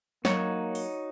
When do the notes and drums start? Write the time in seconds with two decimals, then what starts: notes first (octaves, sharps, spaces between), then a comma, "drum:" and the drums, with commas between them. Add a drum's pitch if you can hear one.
0.25 F#3 A#3 D#4 F#4 C#5, drum: snare
0.75 drum: open hi-hat